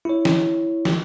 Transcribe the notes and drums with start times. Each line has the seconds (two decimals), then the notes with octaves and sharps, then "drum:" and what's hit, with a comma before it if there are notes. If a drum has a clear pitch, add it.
0.05 E4 C#5
0.25 drum: snare
0.85 drum: snare